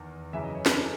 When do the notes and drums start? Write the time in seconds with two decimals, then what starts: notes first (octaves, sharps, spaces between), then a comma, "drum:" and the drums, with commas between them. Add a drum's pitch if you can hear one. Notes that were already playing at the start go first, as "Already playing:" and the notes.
Already playing: E2 D#3
0.33 F#2 C#3 E3 E5
0.44 D#5
0.55 C#5
0.66 B4, drum: snare
0.77 A4